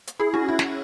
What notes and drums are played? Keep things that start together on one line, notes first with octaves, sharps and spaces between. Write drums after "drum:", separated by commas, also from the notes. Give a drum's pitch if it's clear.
drum: hi-hat
E4 G#4
C#4 F#4
E4
drum: snare